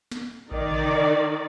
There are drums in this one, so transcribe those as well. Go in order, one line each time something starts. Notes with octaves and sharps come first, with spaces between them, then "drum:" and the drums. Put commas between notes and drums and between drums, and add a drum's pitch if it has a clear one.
drum: snare
D#3 D5, drum: kick A1
drum: tom C3